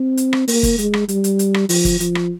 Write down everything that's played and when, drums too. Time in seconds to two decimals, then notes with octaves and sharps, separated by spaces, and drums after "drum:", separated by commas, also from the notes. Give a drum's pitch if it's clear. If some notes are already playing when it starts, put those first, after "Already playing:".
Already playing: C4
0.17 drum: hi-hat
0.33 drum: rim click
0.48 A#3, drum: open hi-hat
0.63 drum: kick, hi-hat
0.78 G#3, drum: hi-hat
0.94 drum: rim click
1.09 G3, drum: hi-hat
1.24 drum: hi-hat
1.39 drum: hi-hat
1.54 drum: rim click
1.69 F3, drum: open hi-hat
1.85 drum: kick, hi-hat
2.00 F3, drum: hi-hat
2.15 drum: rim click